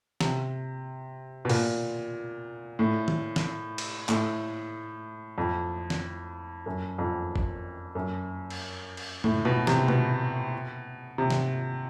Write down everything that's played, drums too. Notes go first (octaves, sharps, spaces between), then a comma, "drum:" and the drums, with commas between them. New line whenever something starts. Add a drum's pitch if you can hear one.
C3, drum: snare
B2
A#2, drum: open hi-hat
A2
drum: tom D#3
drum: snare
drum: cymbal
A2, drum: clap
F2
drum: snare
F#2
F2
drum: kick G1
F#2
drum: cymbal
drum: cymbal
A2, drum: tom
B2, drum: tom G#3
C3, drum: snare
B2, drum: tom G#3
C3
drum: snare